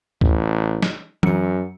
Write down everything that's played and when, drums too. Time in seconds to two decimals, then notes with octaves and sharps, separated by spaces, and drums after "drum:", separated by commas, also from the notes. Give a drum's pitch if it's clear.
0.21 A1, drum: kick
0.83 drum: snare
1.23 F#2 F#3 C#7, drum: tom E3